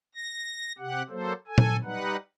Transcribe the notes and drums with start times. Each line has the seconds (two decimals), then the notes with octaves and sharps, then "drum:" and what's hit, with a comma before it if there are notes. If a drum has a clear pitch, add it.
0.15 A#6
0.79 C3 G4 F#5
1.10 F#3 A#3 A4 C5
1.48 A4 G#5
1.58 drum: tom A#2
1.84 G3 D#4 B4 F#5